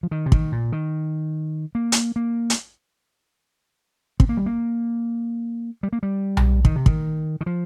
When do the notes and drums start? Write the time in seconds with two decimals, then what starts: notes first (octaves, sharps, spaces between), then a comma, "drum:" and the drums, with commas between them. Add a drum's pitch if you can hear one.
0.03 F3
0.11 D#3
0.26 C3
0.32 D#3, drum: kick
0.52 A#2
0.72 D#3
1.75 A#3
1.92 drum: hi-hat
2.16 A#3
2.50 drum: hi-hat
4.20 C4, drum: kick
4.29 A#3
4.37 G3
4.46 A#3
5.83 G3
5.93 A#3
6.03 G3
6.37 drum: tom B1
6.65 D#3, drum: kick
6.76 C3
6.86 D#3, drum: kick
7.41 D#3
7.46 F3